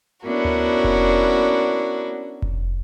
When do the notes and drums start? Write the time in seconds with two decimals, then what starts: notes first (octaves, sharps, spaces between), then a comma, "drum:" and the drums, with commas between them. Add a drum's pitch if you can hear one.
0.25 B3 C#4 D4 E4 F#4 A#4
0.45 drum: tom D2
0.84 drum: kick F1
2.42 drum: kick F1